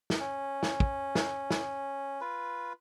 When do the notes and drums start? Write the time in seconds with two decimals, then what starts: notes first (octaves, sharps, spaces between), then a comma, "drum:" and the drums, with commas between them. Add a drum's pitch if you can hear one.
0.10 drum: snare
0.20 C#4
0.63 drum: snare
0.80 drum: kick
1.15 drum: snare
1.51 drum: snare
2.21 F4 B4